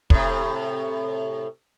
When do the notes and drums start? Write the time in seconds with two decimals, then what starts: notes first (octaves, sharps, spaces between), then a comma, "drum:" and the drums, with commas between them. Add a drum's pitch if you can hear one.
0.10 A2 C3, drum: kick